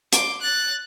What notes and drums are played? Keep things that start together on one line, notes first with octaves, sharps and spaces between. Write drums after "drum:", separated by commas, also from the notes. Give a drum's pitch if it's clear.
C6 D6, drum: hi-hat
F#6 A6